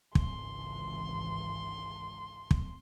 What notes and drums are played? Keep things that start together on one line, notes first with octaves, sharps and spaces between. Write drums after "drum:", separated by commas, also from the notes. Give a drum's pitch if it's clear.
G#1 C#2 E3 C6, drum: kick
drum: kick